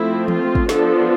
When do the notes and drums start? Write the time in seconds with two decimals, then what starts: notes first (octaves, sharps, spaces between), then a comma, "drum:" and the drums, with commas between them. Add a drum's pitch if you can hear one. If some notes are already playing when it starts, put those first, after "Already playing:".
Already playing: F3 A3 C4 E4
0.28 F4, drum: tom E3
0.55 drum: kick
0.69 F3 B3 D4 A4, drum: snare